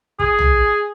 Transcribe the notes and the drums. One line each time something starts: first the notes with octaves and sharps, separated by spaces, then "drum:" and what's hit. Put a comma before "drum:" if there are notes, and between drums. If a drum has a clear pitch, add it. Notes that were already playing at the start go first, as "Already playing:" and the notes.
G#4, drum: kick
drum: tom